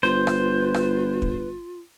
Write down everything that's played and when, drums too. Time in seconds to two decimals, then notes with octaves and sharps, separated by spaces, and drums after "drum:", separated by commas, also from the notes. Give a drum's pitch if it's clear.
0.03 G1 F4 B4 C5
0.27 drum: rim click
0.74 drum: rim click
1.22 drum: kick